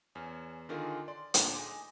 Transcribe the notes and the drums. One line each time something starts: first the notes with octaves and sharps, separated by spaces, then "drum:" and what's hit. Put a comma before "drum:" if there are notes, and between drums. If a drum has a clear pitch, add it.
E2 C#4
D3 D#3 F4 G#4 A#4 D5
D5 C6
D2 A#2 D3 A5 A#5, drum: hi-hat
D#4 G#4 C6 D6